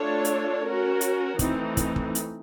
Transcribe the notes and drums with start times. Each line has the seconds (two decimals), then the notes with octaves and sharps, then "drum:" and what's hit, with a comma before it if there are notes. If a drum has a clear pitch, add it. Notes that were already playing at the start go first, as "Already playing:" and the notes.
Already playing: A3 D4 F4 A4 C#5
0.25 drum: hi-hat
0.63 C#4 F#4 A#4
1.01 drum: hi-hat
1.39 E3 A3 C4 D#4, drum: kick, hi-hat
1.77 drum: kick, hi-hat
1.96 drum: kick
2.15 drum: hi-hat